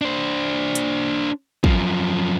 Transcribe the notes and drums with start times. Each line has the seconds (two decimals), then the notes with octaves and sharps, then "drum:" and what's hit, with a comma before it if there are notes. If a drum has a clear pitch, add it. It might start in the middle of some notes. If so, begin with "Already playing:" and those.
0.01 D4 C5
0.75 drum: hi-hat
1.64 F#2 F3, drum: kick